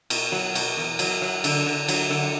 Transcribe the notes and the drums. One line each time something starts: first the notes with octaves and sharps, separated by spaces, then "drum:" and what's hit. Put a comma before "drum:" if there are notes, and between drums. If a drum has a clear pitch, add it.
B2, drum: cymbal
F#3
B2, drum: cymbal
E2
F#3, drum: cymbal
F#3
D3, drum: cymbal
D3
F#3, drum: cymbal
D3